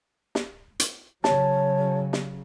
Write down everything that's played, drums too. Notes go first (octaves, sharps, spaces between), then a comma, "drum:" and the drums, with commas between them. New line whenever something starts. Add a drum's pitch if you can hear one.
drum: snare
drum: hi-hat
C#3 F#3 C#5 A5, drum: snare
drum: snare